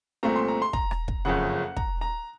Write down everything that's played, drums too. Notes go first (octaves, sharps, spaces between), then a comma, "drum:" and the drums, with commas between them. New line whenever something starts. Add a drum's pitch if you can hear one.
C2 A#2 A3 C4 A#5
C6
A#5
C6
A#5, drum: kick
drum: rim click
drum: kick
F#1 F2 C#3 F#5
A#5, drum: kick
A#5